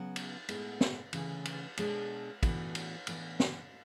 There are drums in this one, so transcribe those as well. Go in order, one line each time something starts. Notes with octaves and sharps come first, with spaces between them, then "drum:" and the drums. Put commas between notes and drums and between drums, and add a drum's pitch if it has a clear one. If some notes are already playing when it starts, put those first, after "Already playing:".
Already playing: C#3 F#3 B3 F#4
drum: cymbal
A2 G#3 B3 E4, drum: cymbal
drum: snare
D2 C#3 E3, drum: cymbal
drum: cymbal
B2 G#3 D4, drum: cymbal
A2 E3 B3 D4 F#4, drum: kick, cymbal
drum: cymbal
A2 E3 B3 D4, drum: cymbal
drum: snare